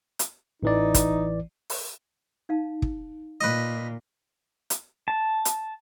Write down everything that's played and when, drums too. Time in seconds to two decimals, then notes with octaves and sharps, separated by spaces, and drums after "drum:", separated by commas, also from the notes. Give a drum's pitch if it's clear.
0.19 drum: hi-hat
0.63 A1 E3 D#4 D5
0.94 drum: kick, hi-hat
1.70 drum: open hi-hat
2.49 D#4 F5 A5
2.82 drum: kick
3.41 A#2 B4 D#5
4.70 drum: hi-hat
5.08 A5
5.45 drum: hi-hat